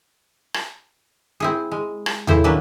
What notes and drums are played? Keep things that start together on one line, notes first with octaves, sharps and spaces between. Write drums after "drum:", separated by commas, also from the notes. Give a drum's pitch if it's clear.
drum: rim click
C4 E4 G#4
G#3
drum: rim click
A2 C#3 E3 E4 C5, drum: tom D#2
D#3 F#3 A#3 C#4 D4 B4